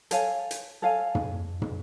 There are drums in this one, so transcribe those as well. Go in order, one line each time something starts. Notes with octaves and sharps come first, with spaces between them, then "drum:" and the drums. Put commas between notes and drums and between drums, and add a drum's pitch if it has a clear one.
A4 C#5 F5 G#5, drum: hi-hat
drum: hi-hat
A4 C#5 F5 G#5
drum: tom
drum: tom